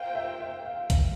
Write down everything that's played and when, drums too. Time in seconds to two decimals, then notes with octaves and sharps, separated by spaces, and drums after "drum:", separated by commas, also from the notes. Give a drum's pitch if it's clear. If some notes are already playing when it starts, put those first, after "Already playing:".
Already playing: A#3 F4 C5 F5 G5
0.15 E5
0.40 E5
0.65 F5
0.90 drum: kick, hi-hat